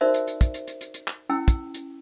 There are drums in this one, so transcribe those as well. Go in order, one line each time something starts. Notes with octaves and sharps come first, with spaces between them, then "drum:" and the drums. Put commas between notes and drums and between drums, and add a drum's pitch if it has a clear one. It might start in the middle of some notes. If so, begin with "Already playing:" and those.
D#4 F#4 A#4 C5 D5 E5
drum: hi-hat
drum: hi-hat
drum: kick, hi-hat
drum: hi-hat
drum: hi-hat
drum: hi-hat
drum: hi-hat
drum: clap
C#4 E4 G5 E6
drum: kick, hi-hat
drum: hi-hat